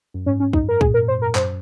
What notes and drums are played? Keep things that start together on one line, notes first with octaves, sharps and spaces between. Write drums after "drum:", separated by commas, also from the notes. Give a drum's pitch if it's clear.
F#2
G#2 C#4
C#4
F#2 D#4, drum: kick
A#4
A#2 G#4, drum: kick
A#4
C5
A#4
F#2 C5, drum: clap